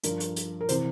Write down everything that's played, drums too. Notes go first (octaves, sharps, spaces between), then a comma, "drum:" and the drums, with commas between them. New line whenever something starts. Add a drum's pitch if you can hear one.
G2 F3 A#4, drum: hi-hat
drum: hi-hat
drum: hi-hat
A#4
C3 E3 C5, drum: hi-hat